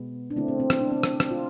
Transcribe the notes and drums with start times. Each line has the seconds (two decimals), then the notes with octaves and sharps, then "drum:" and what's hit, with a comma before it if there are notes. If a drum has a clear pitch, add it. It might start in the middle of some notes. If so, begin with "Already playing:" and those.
Already playing: B2 G#3 B3
0.30 D4
0.36 D3 A3 C4 E4
0.48 C4
0.60 C4
0.70 C4, drum: rim click
0.81 D4
0.92 C4
1.03 drum: rim click
1.20 drum: rim click
1.31 F4